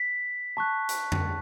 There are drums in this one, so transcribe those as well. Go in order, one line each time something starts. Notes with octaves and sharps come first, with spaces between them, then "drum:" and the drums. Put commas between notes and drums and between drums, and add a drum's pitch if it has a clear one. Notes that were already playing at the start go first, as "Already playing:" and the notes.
Already playing: B6
A5 C#6 F#6
drum: hi-hat
drum: tom F2